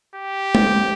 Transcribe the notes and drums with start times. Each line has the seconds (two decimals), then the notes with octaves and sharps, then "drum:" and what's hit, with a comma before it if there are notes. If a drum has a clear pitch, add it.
0.16 G4
0.55 drum: tom G#3